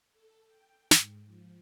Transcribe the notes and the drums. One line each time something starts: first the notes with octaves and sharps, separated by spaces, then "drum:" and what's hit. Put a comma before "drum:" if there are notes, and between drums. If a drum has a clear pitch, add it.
A4
G5
G#2, drum: snare
F3